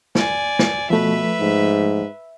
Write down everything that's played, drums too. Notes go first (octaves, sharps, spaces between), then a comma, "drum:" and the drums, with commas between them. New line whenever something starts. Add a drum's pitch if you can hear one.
D5 G#5, drum: snare
drum: snare
B2 F3 A3 B4 E5
G#2